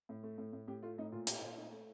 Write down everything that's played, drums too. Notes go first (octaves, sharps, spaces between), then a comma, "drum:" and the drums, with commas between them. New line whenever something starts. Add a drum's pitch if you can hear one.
A2
A3
A2
A2
A2 G4
A3 F4
A2 D#4
A#2 F4
A3 G4, drum: hi-hat
A#2 F4
A3 D#4
A3